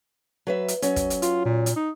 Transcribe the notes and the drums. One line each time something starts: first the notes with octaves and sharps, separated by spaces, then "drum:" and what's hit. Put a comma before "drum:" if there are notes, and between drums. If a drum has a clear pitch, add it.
F#3 B4 E5
drum: hi-hat
F#3 C#4, drum: hi-hat
drum: kick, hi-hat
drum: hi-hat
F4, drum: hi-hat
A#2
drum: hi-hat
D#4